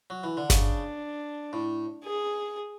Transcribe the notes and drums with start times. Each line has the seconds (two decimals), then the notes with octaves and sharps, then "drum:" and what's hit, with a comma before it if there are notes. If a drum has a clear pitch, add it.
0.10 F#3
0.24 E3
0.37 D3
0.50 C#3 D4, drum: snare G1
1.53 A2
2.04 G#4